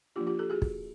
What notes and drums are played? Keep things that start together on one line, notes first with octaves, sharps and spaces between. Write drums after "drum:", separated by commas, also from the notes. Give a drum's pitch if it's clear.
F3 A#3 D4 F4 G4
F4 G4
G4 A4
F#4 G#4
drum: kick